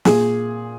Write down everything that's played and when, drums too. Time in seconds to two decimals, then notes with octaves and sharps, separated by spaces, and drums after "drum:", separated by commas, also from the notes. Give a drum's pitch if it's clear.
0.05 A#2 G#4, drum: snare